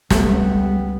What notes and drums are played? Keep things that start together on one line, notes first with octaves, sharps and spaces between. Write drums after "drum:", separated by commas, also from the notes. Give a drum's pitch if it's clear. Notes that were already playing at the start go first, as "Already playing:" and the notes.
C#2 C3 G3 A3 B3, drum: snare